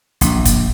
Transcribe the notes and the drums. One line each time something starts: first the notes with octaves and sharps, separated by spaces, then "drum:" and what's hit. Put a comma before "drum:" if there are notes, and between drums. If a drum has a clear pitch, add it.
A#1, drum: hi-hat
drum: kick, hi-hat